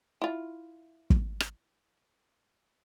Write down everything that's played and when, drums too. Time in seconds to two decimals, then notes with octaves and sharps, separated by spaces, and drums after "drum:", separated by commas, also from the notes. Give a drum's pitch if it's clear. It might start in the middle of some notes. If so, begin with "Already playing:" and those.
0.22 E4 F4
1.10 drum: kick
1.40 drum: rim click